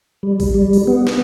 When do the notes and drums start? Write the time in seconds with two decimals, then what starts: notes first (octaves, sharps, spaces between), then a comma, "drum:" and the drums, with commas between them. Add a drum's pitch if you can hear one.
0.23 G3
0.40 drum: kick, open hi-hat
0.54 G3
0.73 drum: open hi-hat
0.87 B3
1.07 drum: snare